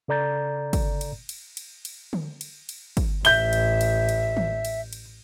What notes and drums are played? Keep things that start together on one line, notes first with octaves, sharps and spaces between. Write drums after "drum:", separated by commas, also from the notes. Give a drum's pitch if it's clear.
C#3 A4 D5 A#5 G6 A6
drum: kick, cymbal
drum: cymbal
drum: cymbal
drum: cymbal
drum: cymbal
drum: tom D3
drum: cymbal
drum: cymbal
drum: kick, cymbal
A1 E5 G6 G7, drum: cymbal
drum: cymbal
drum: cymbal
drum: cymbal
drum: tom D#3
drum: cymbal
drum: cymbal